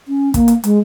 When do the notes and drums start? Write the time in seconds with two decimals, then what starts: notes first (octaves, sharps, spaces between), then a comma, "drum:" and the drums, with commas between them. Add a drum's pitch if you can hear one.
0.08 C#4
0.34 A#3, drum: kick, hi-hat
0.48 drum: hi-hat
0.64 G#3, drum: hi-hat